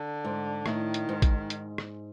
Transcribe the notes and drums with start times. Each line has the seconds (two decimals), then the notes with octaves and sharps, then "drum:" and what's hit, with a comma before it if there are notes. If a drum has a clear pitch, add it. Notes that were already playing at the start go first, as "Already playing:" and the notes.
Already playing: D3
0.25 G#2
0.66 A2 D#3, drum: rim click
0.94 drum: hi-hat
1.09 G#2
1.22 drum: kick, hi-hat
1.50 drum: hi-hat
1.78 drum: rim click